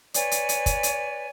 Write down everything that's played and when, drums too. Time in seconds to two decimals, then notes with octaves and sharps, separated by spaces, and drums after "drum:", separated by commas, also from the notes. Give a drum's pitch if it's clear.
0.14 B4 C#5 D5 G#5, drum: hi-hat
0.31 drum: hi-hat
0.49 drum: hi-hat
0.66 drum: kick, hi-hat
0.83 drum: hi-hat